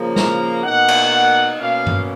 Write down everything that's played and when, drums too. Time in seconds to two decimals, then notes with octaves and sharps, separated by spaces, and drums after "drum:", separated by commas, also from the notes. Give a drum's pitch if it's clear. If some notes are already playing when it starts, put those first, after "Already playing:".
Already playing: C#3 F3 A#3
0.16 A#5, drum: snare
0.63 B2 A#3 D#4 F#5
0.88 drum: cymbal
1.59 B2 A#3 C#4 F5
1.87 drum: tom